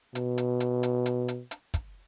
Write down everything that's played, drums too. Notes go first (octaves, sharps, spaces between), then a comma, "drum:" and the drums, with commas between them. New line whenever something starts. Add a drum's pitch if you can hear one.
B2, drum: hi-hat
drum: hi-hat
drum: hi-hat
drum: hi-hat
drum: hi-hat
drum: hi-hat
drum: hi-hat
drum: kick, hi-hat